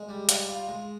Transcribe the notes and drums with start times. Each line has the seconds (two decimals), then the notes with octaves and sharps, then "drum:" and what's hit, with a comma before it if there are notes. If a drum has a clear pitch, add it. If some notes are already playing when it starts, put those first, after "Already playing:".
Already playing: G#3
0.09 G3
0.29 G3, drum: hi-hat
0.48 F4
0.68 G#3